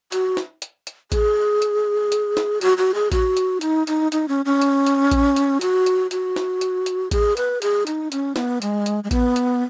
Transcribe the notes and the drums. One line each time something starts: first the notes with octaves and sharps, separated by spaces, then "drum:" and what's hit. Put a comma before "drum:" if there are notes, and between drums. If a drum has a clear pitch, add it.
F#4, drum: hi-hat
drum: snare
drum: hi-hat
drum: hi-hat
G#4, drum: kick A1, hi-hat
drum: hi-hat
drum: hi-hat
drum: snare
F#4, drum: hi-hat
F#4
G#4
F#4, drum: kick A1, hi-hat
drum: hi-hat
D#4, drum: hi-hat
D#4, drum: hi-hat
D#4, drum: hi-hat
C#4
C#4
drum: hi-hat
drum: hi-hat
drum: kick A1, hi-hat
drum: hi-hat
F#4, drum: hi-hat
drum: hi-hat
F#4, drum: hi-hat
drum: snare
drum: hi-hat
drum: hi-hat
G#4, drum: kick A1, hi-hat
B4, drum: hi-hat
G#4, drum: hi-hat
D#4, drum: hi-hat
C#4, drum: hi-hat
B3, drum: snare
G#3, drum: hi-hat
drum: hi-hat
G#3
B3, drum: kick A1, hi-hat
drum: hi-hat